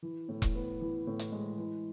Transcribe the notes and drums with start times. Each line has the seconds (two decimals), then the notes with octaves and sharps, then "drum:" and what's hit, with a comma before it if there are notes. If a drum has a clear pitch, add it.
0.03 E3
0.29 A2
0.42 drum: kick E1, hi-hat
0.55 B3
0.81 E3
1.07 A2
1.19 drum: hi-hat
1.32 G#3
1.58 E3